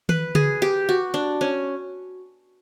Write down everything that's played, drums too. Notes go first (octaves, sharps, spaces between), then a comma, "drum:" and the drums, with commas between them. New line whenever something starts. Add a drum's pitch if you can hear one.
B4, drum: tom D#3
G#4, drum: tom C#3
G4
F#4
D4
C#4